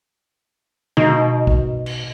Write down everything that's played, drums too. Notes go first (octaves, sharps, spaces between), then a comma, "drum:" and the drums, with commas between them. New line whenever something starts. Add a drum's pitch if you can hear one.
B2 D#4, drum: tom
drum: kick
drum: cymbal